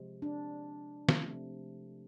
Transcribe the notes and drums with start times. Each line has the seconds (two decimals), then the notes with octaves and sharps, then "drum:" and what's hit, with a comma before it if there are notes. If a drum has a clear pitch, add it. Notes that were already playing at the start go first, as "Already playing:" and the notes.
Already playing: C3 F3 G#3
0.22 D4
1.09 C3 F3 A3, drum: snare